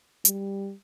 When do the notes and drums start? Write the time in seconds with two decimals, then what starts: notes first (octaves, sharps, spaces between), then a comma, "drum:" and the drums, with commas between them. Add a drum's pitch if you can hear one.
0.25 G3, drum: hi-hat